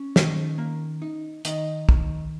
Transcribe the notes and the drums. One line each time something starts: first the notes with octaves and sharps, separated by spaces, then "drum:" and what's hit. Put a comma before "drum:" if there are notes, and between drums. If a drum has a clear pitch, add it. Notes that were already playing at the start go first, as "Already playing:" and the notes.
Already playing: C#4
D#3, drum: snare
A#3
D#4
D#3 D#4 D#5, drum: hi-hat
D#3, drum: kick